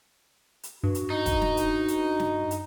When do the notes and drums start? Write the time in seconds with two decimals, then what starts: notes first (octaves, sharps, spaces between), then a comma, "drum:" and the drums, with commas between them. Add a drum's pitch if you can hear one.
0.63 drum: hi-hat
0.83 G2 F#4
0.95 drum: hi-hat
1.10 D#4
1.26 drum: kick, hi-hat
1.41 drum: snare
1.57 drum: hi-hat
1.88 drum: hi-hat
2.20 drum: snare
2.51 drum: hi-hat